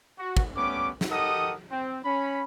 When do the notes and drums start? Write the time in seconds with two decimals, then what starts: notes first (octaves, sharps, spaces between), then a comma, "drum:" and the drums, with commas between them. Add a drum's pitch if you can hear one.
0.18 F#4
0.37 drum: kick
0.56 G3 A3 B3 C#4 D6
1.01 drum: snare
1.11 G4 A4 A#4 D#5 F#5 D#6
1.70 C4
2.04 C#4 B5